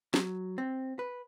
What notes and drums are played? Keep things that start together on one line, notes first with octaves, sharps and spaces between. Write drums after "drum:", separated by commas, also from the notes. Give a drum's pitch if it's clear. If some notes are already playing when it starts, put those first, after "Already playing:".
F#3, drum: snare
C4
B4